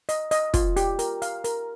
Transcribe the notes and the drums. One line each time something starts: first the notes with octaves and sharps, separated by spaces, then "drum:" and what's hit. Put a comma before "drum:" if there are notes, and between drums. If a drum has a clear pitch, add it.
D#5, drum: hi-hat
D#5, drum: hi-hat
F4, drum: kick, hi-hat
G4, drum: hi-hat
A#4, drum: hi-hat
F5, drum: hi-hat
A#4, drum: hi-hat